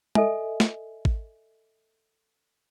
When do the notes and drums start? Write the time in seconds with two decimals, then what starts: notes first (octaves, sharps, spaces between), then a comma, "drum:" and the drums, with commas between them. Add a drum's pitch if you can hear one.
0.15 A4 D#5 E5 G#5, drum: tom
0.60 drum: snare
1.05 drum: kick G#1